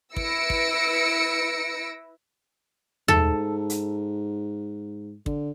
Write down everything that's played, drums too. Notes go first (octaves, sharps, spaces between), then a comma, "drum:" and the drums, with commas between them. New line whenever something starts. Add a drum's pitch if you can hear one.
E4 B4 E6 A#6 C#7 D7, drum: kick
drum: kick
G#2 A4, drum: tom
drum: hi-hat
D3, drum: kick